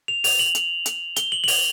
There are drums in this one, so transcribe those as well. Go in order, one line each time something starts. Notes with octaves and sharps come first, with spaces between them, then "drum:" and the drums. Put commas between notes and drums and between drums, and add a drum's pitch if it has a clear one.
F7
F7, drum: open hi-hat
F#7
drum: hi-hat
drum: hi-hat
G7, drum: hi-hat
F#7
F#7
F7, drum: open hi-hat